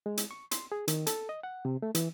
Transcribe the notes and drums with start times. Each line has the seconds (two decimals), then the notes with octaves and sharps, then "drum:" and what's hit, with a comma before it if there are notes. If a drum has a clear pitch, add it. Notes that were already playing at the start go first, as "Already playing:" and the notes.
0.06 G#3
0.17 drum: hi-hat
0.31 C#6
0.51 C6, drum: hi-hat
0.72 G#4
0.88 D#3, drum: hi-hat
1.07 A4, drum: hi-hat
1.29 D#5
1.43 F#5
1.65 C3
1.82 A3
1.95 E3, drum: hi-hat